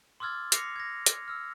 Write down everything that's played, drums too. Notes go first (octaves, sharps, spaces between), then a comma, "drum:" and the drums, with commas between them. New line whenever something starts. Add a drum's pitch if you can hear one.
C6 D6 E6 F6 G#6 A6
D6 A#6 C7 C#7 F7, drum: hi-hat
G#6 A#6
drum: hi-hat
E6 F6